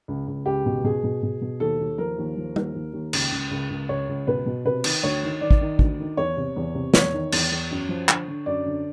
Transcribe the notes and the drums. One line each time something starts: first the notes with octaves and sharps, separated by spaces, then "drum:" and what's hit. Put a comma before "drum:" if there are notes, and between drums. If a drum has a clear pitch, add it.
C#2
C#2
C#2 G4
B2
B2 G#4
B2
B2
B2
D#2 A4
D#2
F3 A#4
D#2
F3
D#2, drum: tom G3
D#2
D#2
C#2, drum: cymbal
C#2
C#2
C#2
C#2 C#5
C#2
B2 B4
B2
C3 B4
D#3, drum: cymbal
D2 C#5
D#3
D#3 D5
drum: kick
D#3
D2, drum: kick
D#3
E2 C#5
C3
E2
C3
E2 C#5, drum: snare
D#3
E2, drum: cymbal
E2
F#2
F3
D3, drum: clap
D3
F#2 D5
D3